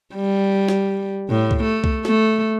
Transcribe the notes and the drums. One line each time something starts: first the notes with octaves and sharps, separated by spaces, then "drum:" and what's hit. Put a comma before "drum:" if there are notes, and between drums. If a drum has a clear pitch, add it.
G3
drum: snare
A2
drum: kick C2
A3
drum: kick C2
A3, drum: snare